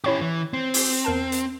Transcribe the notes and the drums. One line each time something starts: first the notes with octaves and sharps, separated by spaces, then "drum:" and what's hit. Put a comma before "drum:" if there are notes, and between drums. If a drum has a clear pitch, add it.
C#4 E4 G4 C#5 C#6
E3
C4
G6, drum: open hi-hat
E2 A#4 A5
drum: hi-hat